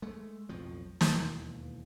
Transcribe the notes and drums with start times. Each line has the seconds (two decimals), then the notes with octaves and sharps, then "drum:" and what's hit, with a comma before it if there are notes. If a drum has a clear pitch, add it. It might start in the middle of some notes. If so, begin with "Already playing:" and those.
0.02 G#3 A3
0.49 B1 F2 A2 F3
1.01 E1 D#2 E3, drum: snare